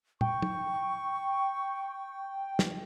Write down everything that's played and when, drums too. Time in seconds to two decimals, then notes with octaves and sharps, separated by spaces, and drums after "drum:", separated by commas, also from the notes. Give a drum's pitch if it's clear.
0.21 G5 C#6, drum: tom
0.43 drum: tom
2.59 drum: snare